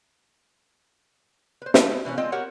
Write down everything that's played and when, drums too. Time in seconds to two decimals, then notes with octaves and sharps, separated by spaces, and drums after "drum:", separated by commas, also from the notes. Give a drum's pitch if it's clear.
1.62 B4 C5
1.74 A5, drum: snare
1.88 G#3 E4
2.05 B2 E3 C4 C#4
2.18 G#3 C4 F4 D#5 G5
2.32 F#4 G4 A#4 C#5 F#5